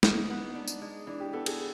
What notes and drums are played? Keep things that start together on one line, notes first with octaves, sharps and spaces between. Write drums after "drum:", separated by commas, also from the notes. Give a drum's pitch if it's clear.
E3 D#4, drum: snare
B3
D4
drum: tambourine
G#3
E3 D4
G4
B3 A4
G#4, drum: cymbal